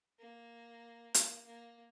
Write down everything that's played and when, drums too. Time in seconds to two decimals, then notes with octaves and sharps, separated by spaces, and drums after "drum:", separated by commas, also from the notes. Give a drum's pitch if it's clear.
0.19 A#3
1.14 A#3, drum: hi-hat
1.46 A#3